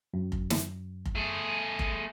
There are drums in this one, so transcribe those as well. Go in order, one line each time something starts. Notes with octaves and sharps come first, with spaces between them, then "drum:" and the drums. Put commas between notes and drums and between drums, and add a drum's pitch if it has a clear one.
F#2
drum: kick F1
drum: snare
drum: kick F1
A3 G#4
drum: kick F1